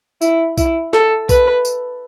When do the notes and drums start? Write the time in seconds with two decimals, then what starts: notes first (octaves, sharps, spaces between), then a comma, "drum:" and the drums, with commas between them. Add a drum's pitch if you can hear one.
0.21 E4, drum: tambourine
0.58 E4, drum: kick B1, tambourine
0.93 A4, drum: snare
1.29 B4, drum: kick B1, tambourine
1.65 drum: tambourine